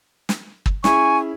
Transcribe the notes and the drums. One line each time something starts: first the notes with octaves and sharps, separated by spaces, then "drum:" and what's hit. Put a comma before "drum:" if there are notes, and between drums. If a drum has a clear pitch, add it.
drum: snare
drum: kick
C#4 E4 G#4 G#5 C#6, drum: snare